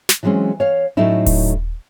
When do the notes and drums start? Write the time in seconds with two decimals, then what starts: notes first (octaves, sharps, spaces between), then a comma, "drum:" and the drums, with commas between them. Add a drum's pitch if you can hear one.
0.09 drum: snare
0.23 E3 F#3 G#3 C4 C#4
0.60 C#5 F5
0.97 A2 F#3 A3 C#4 D#4 E4
1.26 drum: kick D#1, open hi-hat